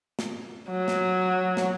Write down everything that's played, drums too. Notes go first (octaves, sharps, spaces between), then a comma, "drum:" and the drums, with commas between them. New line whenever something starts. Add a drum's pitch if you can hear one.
drum: snare
F#3
drum: snare
drum: snare